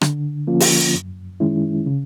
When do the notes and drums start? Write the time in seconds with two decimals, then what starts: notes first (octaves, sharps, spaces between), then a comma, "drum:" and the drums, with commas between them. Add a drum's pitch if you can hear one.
0.01 D3, drum: rim click
0.47 F3 A#3 C#4 F4
0.60 drum: open hi-hat
0.95 F#2
1.40 D#3 G#3 C#4 E4
1.86 C#3